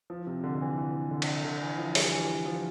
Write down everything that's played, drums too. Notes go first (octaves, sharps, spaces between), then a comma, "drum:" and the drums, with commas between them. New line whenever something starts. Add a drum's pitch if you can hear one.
F3
C3
D3
D3
E3
E3
D3
drum: cymbal
D3
E3
F3
G3, drum: open hi-hat
E3
F3